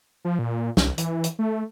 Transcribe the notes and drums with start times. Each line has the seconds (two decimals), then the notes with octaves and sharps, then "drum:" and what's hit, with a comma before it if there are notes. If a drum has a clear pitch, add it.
0.25 F3
0.39 A#2
0.77 C2, drum: snare
0.98 E3, drum: hi-hat
1.24 drum: hi-hat
1.39 A3